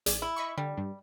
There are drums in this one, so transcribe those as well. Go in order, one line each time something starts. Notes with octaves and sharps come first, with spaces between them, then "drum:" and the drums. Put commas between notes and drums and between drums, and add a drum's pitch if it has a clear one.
A1 G#4 D5, drum: hi-hat
E4
D#5 B5 C#6
D3 G3
G2